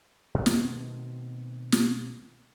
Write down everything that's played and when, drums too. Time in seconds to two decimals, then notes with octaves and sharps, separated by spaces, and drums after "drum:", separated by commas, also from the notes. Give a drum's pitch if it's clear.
0.34 B2 D#3 A3 C4
0.46 drum: snare
1.72 drum: snare